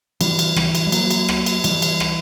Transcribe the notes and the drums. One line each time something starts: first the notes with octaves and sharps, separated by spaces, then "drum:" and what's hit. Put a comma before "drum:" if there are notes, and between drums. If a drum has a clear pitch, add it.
E3 G3, drum: cymbal
drum: cymbal
E3 G3, drum: rim click
drum: cymbal
G3
F#3 A#3, drum: cymbal
drum: cymbal
drum: rim click
drum: cymbal
E3 G3, drum: cymbal
drum: cymbal
drum: rim click